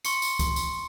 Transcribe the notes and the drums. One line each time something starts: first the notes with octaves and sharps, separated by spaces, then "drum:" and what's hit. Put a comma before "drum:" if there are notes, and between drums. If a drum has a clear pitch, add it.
C6 C#6 C#7, drum: tambourine
drum: tambourine
C6, drum: kick, tambourine
drum: tambourine